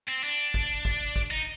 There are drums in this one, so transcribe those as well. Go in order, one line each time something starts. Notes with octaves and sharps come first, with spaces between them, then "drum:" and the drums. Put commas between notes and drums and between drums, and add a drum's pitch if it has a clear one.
C4
D4
drum: kick, hi-hat
drum: kick, hi-hat
drum: kick, hi-hat
D#4